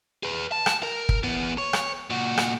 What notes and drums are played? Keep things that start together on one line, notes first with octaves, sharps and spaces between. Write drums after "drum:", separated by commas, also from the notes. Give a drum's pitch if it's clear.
G#4 B4
A5
drum: rim click
A#4
drum: kick
E3 B3
C#5
drum: rim click
A#2 F#4
drum: rim click